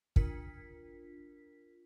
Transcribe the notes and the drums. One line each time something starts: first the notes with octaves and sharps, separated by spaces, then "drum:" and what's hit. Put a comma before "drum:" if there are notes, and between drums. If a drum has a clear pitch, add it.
D4 F4 A#4 B6, drum: kick